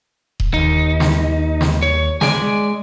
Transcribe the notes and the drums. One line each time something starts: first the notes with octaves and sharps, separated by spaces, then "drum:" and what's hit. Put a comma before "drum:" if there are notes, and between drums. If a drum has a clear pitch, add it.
drum: kick D#1
D#2 D#4
drum: snare
drum: snare
C#5
G#3 D5 G#5, drum: snare